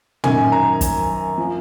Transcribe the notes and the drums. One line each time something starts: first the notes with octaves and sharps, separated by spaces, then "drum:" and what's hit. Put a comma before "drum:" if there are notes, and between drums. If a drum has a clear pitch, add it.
F#2 D#3 G#5, drum: tom
A#5
drum: kick, hi-hat
F3